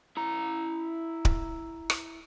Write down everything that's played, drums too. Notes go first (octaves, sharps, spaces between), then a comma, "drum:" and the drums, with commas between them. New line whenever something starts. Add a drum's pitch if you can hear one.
E4 A#5
drum: kick D1
drum: rim click